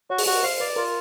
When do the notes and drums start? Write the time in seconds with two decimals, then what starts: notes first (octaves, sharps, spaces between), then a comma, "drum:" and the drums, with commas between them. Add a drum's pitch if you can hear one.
0.10 F#4 C#5
0.18 G#4, drum: open hi-hat
0.26 F#4 G4
0.34 A#4
0.43 C5 F5
0.60 B4 D5
0.76 F4 A#4